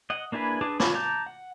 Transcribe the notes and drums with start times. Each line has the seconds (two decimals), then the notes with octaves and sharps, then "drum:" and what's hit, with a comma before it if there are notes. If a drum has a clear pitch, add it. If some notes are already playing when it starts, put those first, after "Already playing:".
0.10 D#5 F#5
0.32 A#3 D4 E4 G#4 B4
0.61 D4 G#4 B4 A5 D6
0.80 C#5 A5 B5 D6, drum: snare
0.94 A5 A#5 D6 G6
1.26 F#5